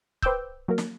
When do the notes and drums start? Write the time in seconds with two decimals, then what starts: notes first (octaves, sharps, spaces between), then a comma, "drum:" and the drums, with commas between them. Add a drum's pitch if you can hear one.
0.22 B4 C5 G5 D6 E6 G6, drum: kick C#1
0.68 F#3 A#3 A#4
0.78 drum: snare